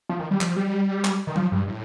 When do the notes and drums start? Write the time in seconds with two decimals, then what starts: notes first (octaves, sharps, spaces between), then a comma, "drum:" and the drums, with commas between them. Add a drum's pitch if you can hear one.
0.09 F3
0.20 D#3
0.31 G3
0.41 F3, drum: clap
0.56 G3
1.05 drum: clap
1.27 D#3
1.36 F3, drum: tom F#3
1.52 G2
1.68 A2